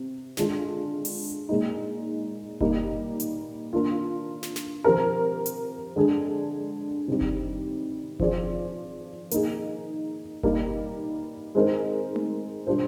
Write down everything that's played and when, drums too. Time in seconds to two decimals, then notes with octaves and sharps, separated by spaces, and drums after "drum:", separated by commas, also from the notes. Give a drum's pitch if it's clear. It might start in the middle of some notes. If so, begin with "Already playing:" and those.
Already playing: C3
0.37 D3 G#3 D4 F4, drum: snare
1.05 drum: open hi-hat
1.49 A#2 G#3 D#4
2.60 A#2 G3 A#3 D#4, drum: kick F#1
3.20 drum: hi-hat
3.73 A#3 D4 F4
4.43 drum: snare
4.56 drum: snare
4.84 F3 C4 G4 A#4
5.46 drum: hi-hat
5.96 D3 G#3 D4 G#4
7.08 C3 D#3 G3
7.21 drum: kick F#1
8.20 F3 C4 F4 G#4 D5, drum: kick F#1
9.31 A#3 D#4 G#4, drum: hi-hat
10.43 G3 A#3 D#4, drum: kick F#1
11.55 G#3 C4 D#4 A#4
12.16 drum: tom A3
12.67 G3 D4 F4 C5